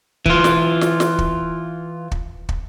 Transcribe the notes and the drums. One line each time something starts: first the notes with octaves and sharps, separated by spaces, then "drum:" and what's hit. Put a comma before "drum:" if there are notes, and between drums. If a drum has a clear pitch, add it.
E3 F4, drum: kick
drum: snare
drum: snare
drum: snare
drum: kick
drum: kick
drum: kick